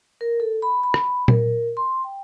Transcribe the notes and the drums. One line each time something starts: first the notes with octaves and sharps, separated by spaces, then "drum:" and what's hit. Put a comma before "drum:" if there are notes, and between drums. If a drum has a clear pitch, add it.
A#4
A4
B5
B5
drum: rim click
A#4, drum: tom A#2
C6
G5